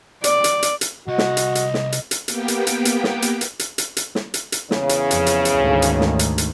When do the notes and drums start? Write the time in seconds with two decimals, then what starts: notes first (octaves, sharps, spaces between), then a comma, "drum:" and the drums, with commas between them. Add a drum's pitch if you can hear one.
0.24 D5, drum: hi-hat
0.44 drum: hi-hat
0.63 drum: hi-hat
0.81 drum: hi-hat
1.08 C2 F#4 D#5 F#5
1.18 drum: snare
1.37 drum: hi-hat
1.55 drum: hi-hat
1.74 drum: snare
1.92 drum: hi-hat
2.11 drum: hi-hat
2.28 A#3 B3 G4 G5, drum: hi-hat
2.48 drum: hi-hat
2.67 drum: hi-hat
2.85 drum: hi-hat
3.04 drum: snare
3.22 drum: hi-hat
3.41 drum: hi-hat
3.59 drum: hi-hat
3.78 drum: hi-hat
3.97 drum: hi-hat
4.15 drum: snare
4.34 drum: hi-hat
4.52 drum: hi-hat
4.71 E2 C#3, drum: snare
4.89 drum: hi-hat
5.11 F2, drum: hi-hat
5.26 drum: hi-hat
5.45 drum: hi-hat
5.58 D2 G#2 D#3
5.82 drum: hi-hat
6.01 drum: snare
6.19 drum: hi-hat
6.38 drum: hi-hat